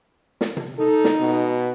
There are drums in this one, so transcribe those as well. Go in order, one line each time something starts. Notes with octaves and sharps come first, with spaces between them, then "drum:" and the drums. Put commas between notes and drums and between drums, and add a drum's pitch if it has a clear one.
drum: snare
drum: tom C3
D#4 A4
drum: snare
B2